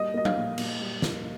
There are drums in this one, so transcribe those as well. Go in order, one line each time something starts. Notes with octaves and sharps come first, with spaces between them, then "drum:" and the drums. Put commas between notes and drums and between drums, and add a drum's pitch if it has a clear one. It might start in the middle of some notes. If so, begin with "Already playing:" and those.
Already playing: G3 A#3 D#5
A#3 D#5
F5, drum: tom F#3
A#2
A#2, drum: cymbal
G3
A#3, drum: snare